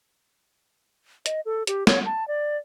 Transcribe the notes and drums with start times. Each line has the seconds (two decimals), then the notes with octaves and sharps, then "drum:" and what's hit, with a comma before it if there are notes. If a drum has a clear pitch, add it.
1.26 D#5, drum: hi-hat
1.46 A4
1.67 G4, drum: hi-hat
1.87 C#5, drum: snare
2.06 A5
2.28 D5